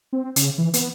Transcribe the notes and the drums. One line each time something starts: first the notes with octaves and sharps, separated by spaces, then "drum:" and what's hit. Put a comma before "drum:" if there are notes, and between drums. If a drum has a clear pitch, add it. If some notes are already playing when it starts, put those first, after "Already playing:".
C4
C#3, drum: hi-hat
E3
B3, drum: hi-hat